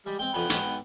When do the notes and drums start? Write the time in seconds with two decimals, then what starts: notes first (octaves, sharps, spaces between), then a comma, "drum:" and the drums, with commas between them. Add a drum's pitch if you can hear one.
0.06 G3 G#3
0.19 G#3 C4 G5
0.34 F2 G#4 F#5 G5 B5
0.50 B1 G#2 G#3, drum: hi-hat